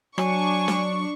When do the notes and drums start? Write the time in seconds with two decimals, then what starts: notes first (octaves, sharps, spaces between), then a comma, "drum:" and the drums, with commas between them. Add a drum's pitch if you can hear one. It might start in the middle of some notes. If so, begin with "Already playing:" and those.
0.18 F#3 D4 G#5 C#6, drum: rim click
0.68 drum: snare